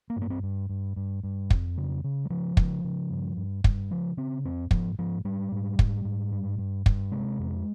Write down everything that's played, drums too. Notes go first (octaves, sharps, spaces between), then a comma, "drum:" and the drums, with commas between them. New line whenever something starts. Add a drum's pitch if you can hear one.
A#3
G2
A#3
C4
G2
G2
G2
G2
F2, drum: kick
C#3
C#3
G3
C#3 F3
C#3, drum: kick
C#3
G2
G2
G2, drum: kick
C#3 F3
C#3 C4
F2 C4
G#2 F3, drum: kick
G#2 F3
G#2 G3
G#2
G#2, drum: kick
G#2
G2
G2
G2, drum: kick
C3 G#3
F2